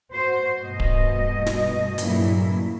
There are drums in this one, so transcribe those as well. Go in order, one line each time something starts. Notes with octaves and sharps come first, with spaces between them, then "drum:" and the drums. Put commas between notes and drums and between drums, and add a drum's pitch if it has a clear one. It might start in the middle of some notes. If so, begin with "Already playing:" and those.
F#4 C5
G2 B2 A3 D#5
drum: kick D1
drum: snare
G2 A#2 C#3 F#3 A#3 E4, drum: hi-hat